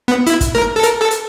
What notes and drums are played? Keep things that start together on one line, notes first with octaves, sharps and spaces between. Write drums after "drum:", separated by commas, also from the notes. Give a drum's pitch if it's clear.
B3
E4, drum: hi-hat
drum: kick, hi-hat
A#4, drum: snare
A4
A#4, drum: hi-hat
A4
drum: hi-hat